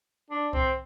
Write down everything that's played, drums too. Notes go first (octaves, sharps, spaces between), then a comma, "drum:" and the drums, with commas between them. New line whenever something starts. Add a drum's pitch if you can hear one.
D4
C4, drum: kick C2